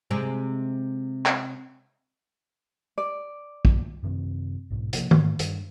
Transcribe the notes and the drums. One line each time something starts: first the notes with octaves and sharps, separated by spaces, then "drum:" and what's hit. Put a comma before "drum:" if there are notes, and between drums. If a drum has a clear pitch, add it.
C3 G#3 C4
drum: clap
D5
drum: kick
F#2 C3 D#3 C4
B1 G#2 B2
C3 F3 A#3, drum: hi-hat
G#2, drum: tom D#3
G2, drum: hi-hat